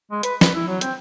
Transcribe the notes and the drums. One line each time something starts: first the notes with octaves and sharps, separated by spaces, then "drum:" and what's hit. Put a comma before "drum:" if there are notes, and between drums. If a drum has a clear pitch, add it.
G#3
B4, drum: hi-hat
B4, drum: snare
E4
F#3
C4, drum: hi-hat